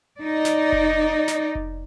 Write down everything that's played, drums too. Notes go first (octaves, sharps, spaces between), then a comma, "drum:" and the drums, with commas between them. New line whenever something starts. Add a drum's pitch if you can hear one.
D#4 D5
drum: snare
drum: kick F1
drum: snare
drum: kick F1